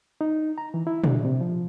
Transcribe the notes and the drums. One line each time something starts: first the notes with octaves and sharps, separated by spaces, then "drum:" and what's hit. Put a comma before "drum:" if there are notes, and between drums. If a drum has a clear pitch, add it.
D#4
A#5
E3
E4
D4, drum: tom
C3
F3